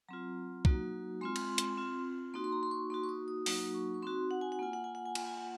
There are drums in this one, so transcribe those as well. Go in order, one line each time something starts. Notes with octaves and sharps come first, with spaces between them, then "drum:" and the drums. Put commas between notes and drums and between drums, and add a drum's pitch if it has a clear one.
F#3 C4 F4 A#5
F#3 A#3 D#4 F#4, drum: kick
G#3 C4 F4 C6
drum: cymbal
drum: hi-hat
C4 F4
A#3 D#4 F#4 C6
C6
A#5
C6
C#6
A#3 D#4 F#4 C6
C#6
D#6
D#6
F#3 A#3 D#4 F#4 D#6, drum: open hi-hat
C#6
C#6
C4 D#4 F#4 C6
F#5
G#5
F#5
A#3 F4 G#5
F#5
G#5
F#5
G#5
A#3 F4 F#5, drum: cymbal
G#5
F#5